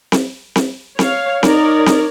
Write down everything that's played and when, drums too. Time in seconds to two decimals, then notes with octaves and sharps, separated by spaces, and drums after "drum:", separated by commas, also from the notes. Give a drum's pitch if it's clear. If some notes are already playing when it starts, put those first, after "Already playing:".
0.12 drum: snare C4
0.56 drum: snare C4
0.99 C#5 F5, drum: snare C4
1.43 D#4 A#4 C#5 D5, drum: snare C4
1.86 drum: snare C4